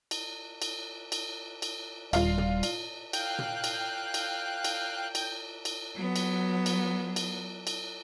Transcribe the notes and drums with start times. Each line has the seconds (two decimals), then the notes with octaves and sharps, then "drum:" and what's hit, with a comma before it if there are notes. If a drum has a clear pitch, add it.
0.11 drum: cymbal
0.62 drum: cymbal
1.12 drum: cymbal
1.62 drum: cymbal
2.13 D#1 G3 F4 F5, drum: cymbal
2.38 drum: tom
2.63 drum: cymbal
3.13 F5 G5 F#6, drum: cymbal
3.39 drum: tom
3.64 drum: cymbal
4.14 drum: cymbal
4.64 drum: cymbal
5.15 drum: cymbal
5.65 drum: cymbal
5.95 F#3 B3
6.16 drum: cymbal
6.66 drum: cymbal
7.16 drum: cymbal
7.67 drum: cymbal